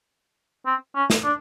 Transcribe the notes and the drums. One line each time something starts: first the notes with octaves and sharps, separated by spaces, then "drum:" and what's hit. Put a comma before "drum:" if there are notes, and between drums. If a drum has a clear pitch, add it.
C4
C#4
drum: snare
D4